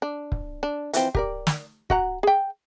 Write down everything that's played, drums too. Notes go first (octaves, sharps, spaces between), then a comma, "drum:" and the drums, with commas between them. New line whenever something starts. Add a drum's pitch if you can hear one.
D4
drum: kick
D4
E3 F3 C4, drum: hi-hat
G4 A#4 D5, drum: kick
drum: snare
F#4 F#5 A#5, drum: kick
G#4 G5